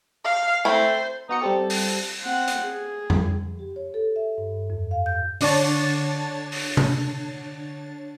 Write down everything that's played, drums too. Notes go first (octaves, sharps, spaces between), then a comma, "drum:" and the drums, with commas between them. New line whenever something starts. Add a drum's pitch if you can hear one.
F5
A3 C4 E4 C5
B3 D#4 F#4 C#7
G3 C4 G4 A4
drum: open hi-hat
C4 F#5
drum: hi-hat
G#4
drum: tom F2
G4
C#5
A4
E5
G2
F2
F5
G6
D3 D4 C#5 A5 A6, drum: open hi-hat
drum: open hi-hat
drum: tom C3